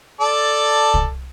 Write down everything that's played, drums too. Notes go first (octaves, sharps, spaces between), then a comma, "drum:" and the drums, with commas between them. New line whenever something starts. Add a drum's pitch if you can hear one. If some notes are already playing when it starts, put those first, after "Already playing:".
A4 D5 A5
drum: kick